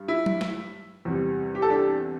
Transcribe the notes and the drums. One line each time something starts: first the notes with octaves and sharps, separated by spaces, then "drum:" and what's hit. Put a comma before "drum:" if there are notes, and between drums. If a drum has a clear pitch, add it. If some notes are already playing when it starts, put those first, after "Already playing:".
Already playing: G2 G3
E4
drum: tom F#3
drum: snare
E2 C3 G3
G4
A4
D4 G4